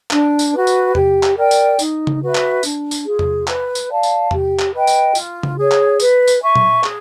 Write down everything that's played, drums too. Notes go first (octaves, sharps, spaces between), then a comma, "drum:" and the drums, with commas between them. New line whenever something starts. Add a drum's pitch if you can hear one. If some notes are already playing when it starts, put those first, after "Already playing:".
D4, drum: clap
drum: tambourine
F#4 B4
drum: tambourine
G4, drum: tom E2
drum: clap
A#4 D5 G5
drum: tambourine
D#4, drum: tambourine
drum: tom C#3
F#4 B4 E5
drum: clap
D4, drum: tambourine
drum: tambourine
F4 G#4
drum: tom E2
B4, drum: clap
drum: tambourine
D5 F5 A5
drum: tambourine
G4, drum: tom E2
drum: clap
B4 D#5 G5
drum: tambourine
F4, drum: tambourine
drum: tom C#3
G#4 C#5
drum: clap
B4, drum: tambourine
drum: tambourine
E5 G#5 C#6
drum: tom A#2
G#4, drum: clap